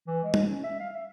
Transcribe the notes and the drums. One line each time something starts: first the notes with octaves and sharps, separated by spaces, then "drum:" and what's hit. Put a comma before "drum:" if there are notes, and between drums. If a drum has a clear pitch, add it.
E3
G#3
drum: tom
C#4
E5
F5
E5